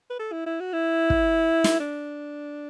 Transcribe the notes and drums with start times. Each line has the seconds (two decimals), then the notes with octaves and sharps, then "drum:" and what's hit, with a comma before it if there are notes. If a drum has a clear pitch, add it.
0.10 B4
0.19 A4
0.32 E4
0.46 E4
0.60 F#4
0.73 E4
1.10 drum: kick
1.64 drum: snare
1.80 D4